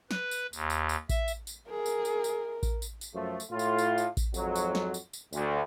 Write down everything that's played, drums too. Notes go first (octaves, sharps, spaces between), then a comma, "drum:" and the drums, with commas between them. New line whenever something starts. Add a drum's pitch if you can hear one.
B4, drum: snare
drum: tambourine
D#2, drum: tambourine
drum: tambourine
drum: tambourine
E5, drum: kick A1, tambourine
drum: tambourine
drum: tambourine
G#4 A#4
drum: tambourine
drum: tambourine
drum: tambourine
drum: kick A1, tambourine
drum: tambourine
drum: tambourine
F#2 F3 A3
drum: tambourine
A2 F4
drum: tambourine
drum: tambourine
drum: tambourine
drum: kick A1, tambourine
F2 G#2 F#3, drum: tambourine
drum: tambourine
drum: snare
drum: tambourine
drum: tambourine
D2, drum: tambourine